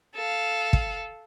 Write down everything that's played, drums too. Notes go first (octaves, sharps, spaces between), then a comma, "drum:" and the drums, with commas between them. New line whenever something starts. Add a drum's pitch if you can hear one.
A4 F5
drum: kick